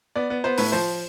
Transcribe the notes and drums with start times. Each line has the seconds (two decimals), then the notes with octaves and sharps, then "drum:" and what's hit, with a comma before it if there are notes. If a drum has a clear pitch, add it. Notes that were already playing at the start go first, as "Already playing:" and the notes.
0.16 B3 D5
0.30 B3
0.44 B3 C5
0.58 A2 B4, drum: open hi-hat
0.72 F3 C5